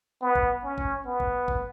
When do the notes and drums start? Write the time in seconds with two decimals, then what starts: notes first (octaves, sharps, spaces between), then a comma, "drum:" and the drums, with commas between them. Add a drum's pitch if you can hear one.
0.22 B3
0.36 drum: kick G#1
0.64 C#4
0.78 drum: kick G#1
1.05 B3
1.20 drum: kick G#1
1.48 drum: kick G#1